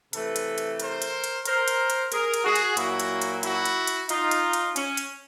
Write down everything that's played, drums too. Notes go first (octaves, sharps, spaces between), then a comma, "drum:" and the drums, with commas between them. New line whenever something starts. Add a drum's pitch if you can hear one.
C3 E3 A3 A4 B4, drum: hi-hat
drum: hi-hat
drum: hi-hat
A#4 C5, drum: hi-hat
drum: hi-hat
drum: hi-hat
A#4 C5, drum: hi-hat
drum: hi-hat
drum: hi-hat
G#4 A#4, drum: hi-hat
drum: hi-hat
F#4 G#4
drum: hi-hat
A#2 F#3 A#3 E4 F#4, drum: hi-hat
drum: hi-hat
drum: hi-hat
E4 F#4, drum: hi-hat
drum: hi-hat
drum: hi-hat
D#4 F4, drum: hi-hat
drum: hi-hat
drum: hi-hat
C#4, drum: hi-hat
drum: hi-hat